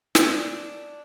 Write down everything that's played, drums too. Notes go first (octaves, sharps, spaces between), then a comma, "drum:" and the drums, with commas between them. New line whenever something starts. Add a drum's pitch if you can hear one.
D4 D5, drum: snare